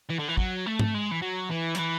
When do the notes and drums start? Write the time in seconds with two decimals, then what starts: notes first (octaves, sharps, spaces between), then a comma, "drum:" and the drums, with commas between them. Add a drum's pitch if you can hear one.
0.10 E3
0.20 D3
0.29 E3
0.37 F#3, drum: kick
0.66 A3
0.79 drum: tom G#2
0.94 G#3
1.11 E3
1.22 F#3
1.50 E3
1.75 F#3, drum: hi-hat
1.78 E3